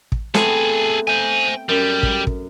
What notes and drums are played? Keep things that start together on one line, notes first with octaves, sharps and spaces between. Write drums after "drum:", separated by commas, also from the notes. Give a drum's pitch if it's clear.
drum: kick
A3 B3 C4 G#4 A4, drum: snare
C5 E5 G#5
G5
F#2 G3
drum: kick
drum: kick